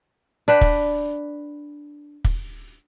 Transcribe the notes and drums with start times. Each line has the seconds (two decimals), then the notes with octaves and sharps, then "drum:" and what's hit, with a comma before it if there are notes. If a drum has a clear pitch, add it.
0.48 D4 B4 G5
0.61 drum: kick
2.24 drum: kick